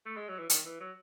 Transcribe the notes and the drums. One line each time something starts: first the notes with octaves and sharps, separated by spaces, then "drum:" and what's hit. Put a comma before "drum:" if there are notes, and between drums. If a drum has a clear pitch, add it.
A3
G#3
F#3
E3
D#3, drum: hi-hat
E3
F#3